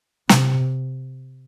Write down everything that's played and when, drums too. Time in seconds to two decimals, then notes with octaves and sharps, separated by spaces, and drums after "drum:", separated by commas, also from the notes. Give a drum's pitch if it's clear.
0.29 C3, drum: snare